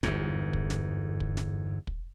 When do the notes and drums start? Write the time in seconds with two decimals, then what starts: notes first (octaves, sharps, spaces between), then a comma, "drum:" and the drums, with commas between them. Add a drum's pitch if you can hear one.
0.03 G1 E2 G#2, drum: snare
0.53 drum: kick
0.70 drum: snare
1.20 drum: kick
1.37 drum: snare
1.87 drum: kick